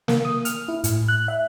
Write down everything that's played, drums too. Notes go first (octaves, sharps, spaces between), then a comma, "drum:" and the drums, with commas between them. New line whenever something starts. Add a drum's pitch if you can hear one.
A#3, drum: snare
D#6
F6, drum: hi-hat
E4
A2, drum: hi-hat
F#6
E5